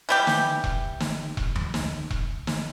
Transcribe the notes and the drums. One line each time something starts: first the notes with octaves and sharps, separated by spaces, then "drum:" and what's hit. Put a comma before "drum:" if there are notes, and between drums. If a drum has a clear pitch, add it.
E3 G3 G4
drum: snare
drum: kick E1
drum: snare
drum: kick E1
drum: tom D#2
drum: snare
drum: kick E1
drum: snare